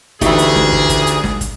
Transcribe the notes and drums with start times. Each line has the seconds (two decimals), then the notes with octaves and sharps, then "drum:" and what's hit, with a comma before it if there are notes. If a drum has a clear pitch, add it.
0.21 D2 E3 A3 D4 D#4 G4 G#4, drum: kick, hi-hat
0.38 drum: hi-hat
0.55 drum: snare
0.73 drum: kick
0.90 drum: kick, hi-hat
1.07 drum: hi-hat
1.24 drum: snare
1.41 drum: kick, hi-hat